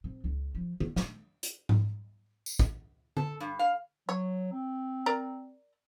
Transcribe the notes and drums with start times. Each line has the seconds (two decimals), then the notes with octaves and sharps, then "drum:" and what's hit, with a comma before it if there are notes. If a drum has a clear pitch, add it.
0.04 C3
0.24 C#2
0.55 F3
0.80 A3, drum: tom D#3
0.96 A3, drum: snare
1.43 drum: hi-hat
1.69 drum: tom G#2
2.46 drum: tambourine
2.59 drum: kick
3.17 A4, drum: tom D3
3.40 G2
3.59 F5
4.09 F#3 C#5
4.52 C4
5.06 A#4 D5 A#5